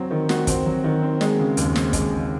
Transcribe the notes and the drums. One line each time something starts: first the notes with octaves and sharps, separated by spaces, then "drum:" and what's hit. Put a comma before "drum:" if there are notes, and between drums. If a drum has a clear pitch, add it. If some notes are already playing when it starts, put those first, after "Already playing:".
Already playing: F#3 C4
D#3
F#4, drum: snare
C4, drum: kick, hi-hat
F#3
D#3
C4
G#3, drum: snare
C#3
D#2, drum: hi-hat
C4, drum: snare
G#3, drum: kick, hi-hat
C#3